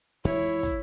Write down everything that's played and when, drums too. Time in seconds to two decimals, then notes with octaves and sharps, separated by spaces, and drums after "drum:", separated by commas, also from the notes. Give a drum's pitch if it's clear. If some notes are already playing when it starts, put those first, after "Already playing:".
0.25 F2 E3 G#3 E4 C#5
0.63 drum: kick, hi-hat